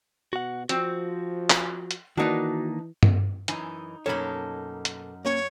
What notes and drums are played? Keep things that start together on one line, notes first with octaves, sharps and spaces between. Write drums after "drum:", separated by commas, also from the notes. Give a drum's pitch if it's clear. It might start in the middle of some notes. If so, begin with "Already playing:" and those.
B2 F#4 F#5
F3 C4 F#4, drum: hi-hat
drum: clap
drum: hi-hat
D#3 E3 A#3 D4 D#4 F#4 A#4 B4
drum: tom G2
F#2 E3 D#4 G#5, drum: hi-hat
F#2 B2 A#3 D#4 A4 C#5 B5
drum: hi-hat
A#3 C#4 C#5